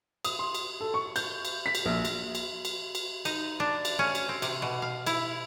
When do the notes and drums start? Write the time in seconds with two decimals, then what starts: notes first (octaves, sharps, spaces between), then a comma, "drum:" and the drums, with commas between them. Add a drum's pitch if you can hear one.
0.25 D#6, drum: cymbal
0.39 C6
0.55 drum: cymbal
0.81 A4
0.94 C#6
1.16 G6, drum: cymbal
1.45 drum: cymbal
1.66 B6
1.75 drum: cymbal
1.86 A#1
2.05 drum: cymbal
2.35 drum: cymbal
2.65 drum: cymbal
2.95 drum: cymbal
3.25 D#4, drum: cymbal
3.60 D4
3.85 drum: cymbal
3.99 C#4
4.15 drum: cymbal
4.29 C4
4.42 C3, drum: cymbal
4.62 B2
4.82 F5
5.06 E4, drum: cymbal